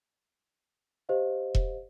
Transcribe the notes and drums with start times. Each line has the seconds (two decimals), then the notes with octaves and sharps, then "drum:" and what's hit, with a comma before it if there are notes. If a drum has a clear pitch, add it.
1.09 G4 C5 D#5 F5
1.55 drum: kick E1